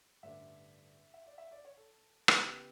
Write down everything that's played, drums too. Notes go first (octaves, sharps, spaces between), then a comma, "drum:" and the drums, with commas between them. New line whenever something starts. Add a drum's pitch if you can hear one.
A1 G2 D3 A3 D4 E5
E5
D5
E5
D5
C#5
A4
E2 C#3 E3 B3 G4, drum: rim click